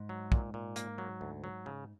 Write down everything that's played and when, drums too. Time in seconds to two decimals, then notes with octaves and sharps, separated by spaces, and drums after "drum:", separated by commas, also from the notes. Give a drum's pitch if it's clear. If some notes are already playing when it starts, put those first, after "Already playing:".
Already playing: G#2
0.09 F#3
0.32 A#2, drum: kick
0.54 A#2
0.76 A#3, drum: hi-hat
0.98 F#3
1.21 D2
1.44 F#3
1.66 C#3